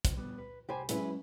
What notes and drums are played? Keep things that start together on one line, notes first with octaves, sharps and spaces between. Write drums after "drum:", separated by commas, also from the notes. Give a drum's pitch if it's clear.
drum: kick, hi-hat
G3 B3
B4
C2 G4 C5 G#5 B5
F#3 G#3 C#4 E4 G#4 B4, drum: hi-hat